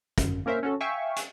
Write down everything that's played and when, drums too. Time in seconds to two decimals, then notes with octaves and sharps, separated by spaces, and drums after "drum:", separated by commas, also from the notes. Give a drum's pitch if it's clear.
0.18 G#1 F#2, drum: kick, hi-hat
0.46 A#3 C#4 A#4 C5 E5
0.63 C#4 F#4 A4
0.81 E5 F5 G5 G#5 C#6
1.16 drum: hi-hat